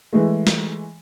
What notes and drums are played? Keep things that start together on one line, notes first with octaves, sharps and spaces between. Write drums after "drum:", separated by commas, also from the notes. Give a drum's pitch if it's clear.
E3 G#3 A3
drum: snare